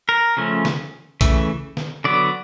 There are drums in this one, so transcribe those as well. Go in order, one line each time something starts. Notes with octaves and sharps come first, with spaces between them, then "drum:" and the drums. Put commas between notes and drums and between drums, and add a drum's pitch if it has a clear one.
A#4
C#3 F3 A3 C#4
drum: snare
C#3 E3 A3, drum: kick A#1, hi-hat
drum: snare
D3 F#3 B3 D5